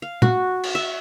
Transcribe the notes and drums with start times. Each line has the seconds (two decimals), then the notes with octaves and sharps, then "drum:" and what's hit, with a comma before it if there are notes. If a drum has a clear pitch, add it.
0.02 F5
0.22 F#4, drum: tom
0.63 drum: cymbal
0.75 E5